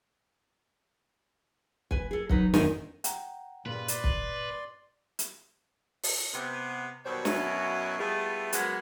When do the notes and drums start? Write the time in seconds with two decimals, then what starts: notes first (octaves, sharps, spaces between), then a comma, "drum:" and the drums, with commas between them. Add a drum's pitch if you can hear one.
1.91 B4 G#5, drum: kick
2.11 G#4 A4
2.30 F#3 D#4 B4, drum: kick
2.54 E2 A2 D#3 C4 D#4 G#5, drum: snare
3.04 F#5 G5 A#5, drum: hi-hat
3.66 G2 A#2 C#3 G3 F4 B4
3.88 D5 C6, drum: hi-hat
4.04 drum: kick
5.19 drum: hi-hat
6.03 drum: open hi-hat
6.34 C3 B3
7.05 B2 D#3 F#3 G3 C5 C#5
7.25 F#2 B2 E4 F#4 C#5 D#5, drum: snare
7.98 G3 A3 B3 E4 F4 G#4
8.53 F#3 G#3 A#3 B3 C#4 F#4, drum: hi-hat